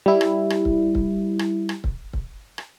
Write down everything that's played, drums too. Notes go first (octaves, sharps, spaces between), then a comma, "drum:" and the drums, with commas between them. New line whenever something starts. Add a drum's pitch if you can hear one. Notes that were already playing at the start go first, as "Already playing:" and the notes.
G3 E4
drum: rim click
drum: rim click
drum: kick C#1
drum: kick C#1
drum: rim click
drum: rim click
drum: kick C#1
drum: kick C#1
drum: rim click